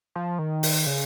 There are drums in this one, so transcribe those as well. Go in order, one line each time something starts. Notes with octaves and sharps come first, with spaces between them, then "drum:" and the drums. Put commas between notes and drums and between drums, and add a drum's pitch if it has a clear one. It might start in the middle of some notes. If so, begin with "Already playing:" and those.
F3
D#3
drum: open hi-hat
C#3